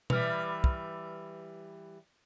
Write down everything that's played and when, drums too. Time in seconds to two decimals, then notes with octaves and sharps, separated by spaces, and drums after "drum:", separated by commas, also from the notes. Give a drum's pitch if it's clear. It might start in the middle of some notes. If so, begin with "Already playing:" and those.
0.10 E3 G3 B4 F6, drum: tom B2
0.64 drum: kick